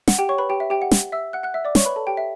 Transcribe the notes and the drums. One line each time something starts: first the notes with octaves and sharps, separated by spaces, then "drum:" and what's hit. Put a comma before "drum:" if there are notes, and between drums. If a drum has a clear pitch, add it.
F#5, drum: snare
G4 G5
C#5 C#6
B4 B5
G4 G5
E5
G4 G5
F#5
drum: snare
E5 E6
F#5 F#6
F#5 F#6
E5 E6
D5 D6
C#5 C#6, drum: snare
B4 B5
A4 A5
G4 G5
E5